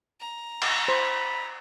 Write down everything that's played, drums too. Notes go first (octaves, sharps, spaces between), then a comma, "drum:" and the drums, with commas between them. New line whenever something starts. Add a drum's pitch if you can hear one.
A#5
drum: cymbal
C5 B5